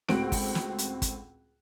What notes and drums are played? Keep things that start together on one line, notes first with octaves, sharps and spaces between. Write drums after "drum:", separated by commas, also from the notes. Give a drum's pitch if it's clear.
C#2 A2 C4 F#4 F#5 D7, drum: snare
drum: kick, open hi-hat
drum: snare
drum: hi-hat
drum: kick, hi-hat